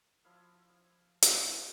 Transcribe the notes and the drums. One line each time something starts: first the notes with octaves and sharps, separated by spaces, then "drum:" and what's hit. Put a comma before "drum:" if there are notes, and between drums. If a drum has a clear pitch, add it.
F3 E4 F5
F5
drum: hi-hat
F#4
E5 G5 G#5 E6